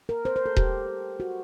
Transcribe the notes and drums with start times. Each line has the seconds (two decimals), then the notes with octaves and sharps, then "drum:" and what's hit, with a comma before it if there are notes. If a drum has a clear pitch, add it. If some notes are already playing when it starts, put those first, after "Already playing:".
0.09 A#4
0.25 C5
0.36 C5
0.46 A4
0.57 G4, drum: kick D#1
1.20 F#4